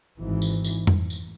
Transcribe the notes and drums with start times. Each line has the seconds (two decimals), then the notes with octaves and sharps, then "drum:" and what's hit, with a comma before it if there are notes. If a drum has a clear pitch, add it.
0.19 G#1 G#2 E3
0.42 drum: tambourine
0.65 drum: tambourine
0.87 drum: tom F2
1.10 drum: tambourine